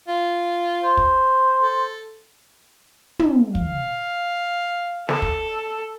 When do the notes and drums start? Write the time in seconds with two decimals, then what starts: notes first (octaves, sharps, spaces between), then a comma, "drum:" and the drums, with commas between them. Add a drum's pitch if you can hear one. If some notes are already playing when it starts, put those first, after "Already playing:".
0.08 F4
0.83 C5
0.97 drum: kick
1.60 A4
3.19 drum: tom
3.55 F5, drum: kick
5.09 A4, drum: snare
5.22 drum: kick